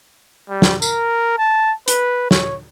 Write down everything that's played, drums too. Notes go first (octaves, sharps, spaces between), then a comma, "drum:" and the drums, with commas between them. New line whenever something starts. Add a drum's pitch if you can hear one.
G3
drum: snare
A#4, drum: tambourine
A5
B4, drum: hi-hat
C#5, drum: snare